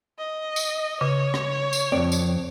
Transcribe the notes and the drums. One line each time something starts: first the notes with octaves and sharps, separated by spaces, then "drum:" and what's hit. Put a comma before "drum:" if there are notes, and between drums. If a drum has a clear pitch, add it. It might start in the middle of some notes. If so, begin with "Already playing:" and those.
D#5
drum: tambourine
C#3 C#5
drum: rim click
drum: tambourine
F2 G#2 C4 D5
drum: tambourine